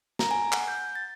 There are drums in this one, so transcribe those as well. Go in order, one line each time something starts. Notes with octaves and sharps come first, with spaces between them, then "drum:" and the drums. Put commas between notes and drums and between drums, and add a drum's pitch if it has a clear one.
A#5, drum: snare
G#5
F#5, drum: clap
G6
A6